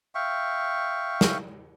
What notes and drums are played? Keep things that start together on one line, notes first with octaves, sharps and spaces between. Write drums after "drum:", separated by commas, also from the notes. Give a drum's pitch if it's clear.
E5 F5 G5 C#6
drum: snare